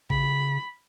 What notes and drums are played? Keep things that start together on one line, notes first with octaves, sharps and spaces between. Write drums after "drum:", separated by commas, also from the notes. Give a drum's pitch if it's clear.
C#3 B5, drum: kick G#1